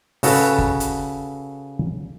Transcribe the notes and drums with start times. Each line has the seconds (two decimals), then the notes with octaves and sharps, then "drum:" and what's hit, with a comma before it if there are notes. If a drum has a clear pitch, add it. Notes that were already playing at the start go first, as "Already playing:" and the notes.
0.23 C#3 F#4 A4 B4, drum: open hi-hat
0.58 drum: kick G1
0.80 drum: hi-hat